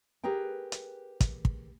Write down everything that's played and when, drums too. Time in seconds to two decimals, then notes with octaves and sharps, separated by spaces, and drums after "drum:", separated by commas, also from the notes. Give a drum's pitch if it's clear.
0.24 G4 G#4 A#4 B4 G5
0.72 drum: hi-hat
1.20 drum: kick, hi-hat
1.45 drum: kick